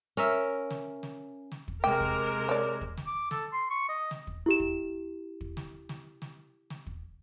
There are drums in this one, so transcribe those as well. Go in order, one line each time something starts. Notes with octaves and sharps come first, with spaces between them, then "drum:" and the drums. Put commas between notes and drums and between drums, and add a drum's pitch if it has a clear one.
C#4 A#4 E5
drum: snare
drum: snare
drum: snare
drum: kick
C3 G#3 A#4 G5 D6
drum: kick
C#5 D5
drum: kick
drum: snare
D6
A4, drum: snare
C6
C#6
D#5
drum: snare
drum: kick
E4 G4 E7
drum: kick
drum: kick
drum: snare
drum: snare
drum: snare
drum: snare
drum: kick